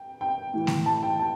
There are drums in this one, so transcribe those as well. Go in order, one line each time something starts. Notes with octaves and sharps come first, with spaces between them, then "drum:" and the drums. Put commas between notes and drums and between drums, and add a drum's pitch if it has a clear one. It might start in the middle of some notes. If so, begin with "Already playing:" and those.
Already playing: G5
G5
A2 E3
drum: snare A3
A5
G5
A5